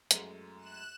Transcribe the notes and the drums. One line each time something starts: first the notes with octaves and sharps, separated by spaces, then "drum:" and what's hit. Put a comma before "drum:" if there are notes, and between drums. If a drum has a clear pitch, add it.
F#2 G#3 A3, drum: hi-hat
F#6 E7